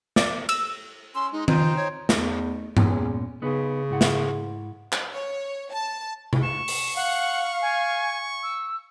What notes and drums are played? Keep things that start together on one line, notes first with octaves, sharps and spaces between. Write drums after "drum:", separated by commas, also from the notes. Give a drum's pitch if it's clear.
D5, drum: snare
E6, drum: cymbal
C#4 C6 E6
G#3 D#4
D#4 F4 C5 G5, drum: tom D#3
C#5
E2 A3 D#4, drum: snare
E2 A#2 G#3 C#4, drum: tom G2
C#3 B3 D#4 B4
G#2 E4 F#5
drum: snare
drum: clap
C#5
A5
drum: tom C3
C#6 E7
drum: open hi-hat
F5 F#5
G#5
E6